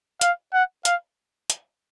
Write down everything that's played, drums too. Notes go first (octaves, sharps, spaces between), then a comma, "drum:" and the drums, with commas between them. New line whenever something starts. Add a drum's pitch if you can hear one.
F5, drum: hi-hat
F#5
F5, drum: hi-hat
drum: hi-hat